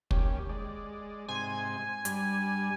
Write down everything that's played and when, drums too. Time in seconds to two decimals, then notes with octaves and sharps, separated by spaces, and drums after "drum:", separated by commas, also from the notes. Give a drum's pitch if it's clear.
0.11 D#2 C#4 G4, drum: kick
0.49 G#3 D5
1.28 G#2 C3 C5 G#5
2.05 G2 G3, drum: hi-hat